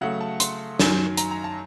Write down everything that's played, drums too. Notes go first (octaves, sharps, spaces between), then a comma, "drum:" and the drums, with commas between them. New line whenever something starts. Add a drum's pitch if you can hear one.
C#3 F#3 A3 F#5
A5
C6, drum: hi-hat
F#2 D#3 F#3, drum: snare
A#5, drum: hi-hat
A#5
A5